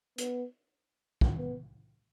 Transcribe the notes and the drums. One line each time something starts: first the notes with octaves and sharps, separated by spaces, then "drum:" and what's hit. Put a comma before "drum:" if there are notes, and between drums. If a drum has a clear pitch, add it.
B3, drum: hi-hat
drum: kick
B3